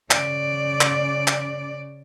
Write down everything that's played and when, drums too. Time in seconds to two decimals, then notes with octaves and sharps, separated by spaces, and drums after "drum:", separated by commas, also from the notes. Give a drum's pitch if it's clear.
0.11 C#3 D5, drum: clap
0.81 drum: clap
1.28 drum: clap